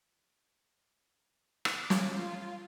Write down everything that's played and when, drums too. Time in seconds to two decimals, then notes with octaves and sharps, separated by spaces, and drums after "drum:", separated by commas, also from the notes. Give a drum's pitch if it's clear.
1.65 drum: rim click
1.79 D6
1.90 drum: snare
2.13 F4